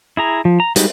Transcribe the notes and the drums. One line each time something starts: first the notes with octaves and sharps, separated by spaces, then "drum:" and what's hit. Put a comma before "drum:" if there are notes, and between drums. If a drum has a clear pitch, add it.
E4 G#4 A#5
F3
A#5
G3 G#3 D#4 F#4 G4, drum: hi-hat